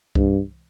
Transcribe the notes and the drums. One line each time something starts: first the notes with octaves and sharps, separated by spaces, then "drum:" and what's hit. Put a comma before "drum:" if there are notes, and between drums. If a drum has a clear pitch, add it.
G2, drum: kick C2